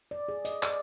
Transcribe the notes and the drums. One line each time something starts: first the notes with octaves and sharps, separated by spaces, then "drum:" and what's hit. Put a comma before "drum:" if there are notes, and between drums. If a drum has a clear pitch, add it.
D5
G#4
D#5, drum: hi-hat
D5, drum: clap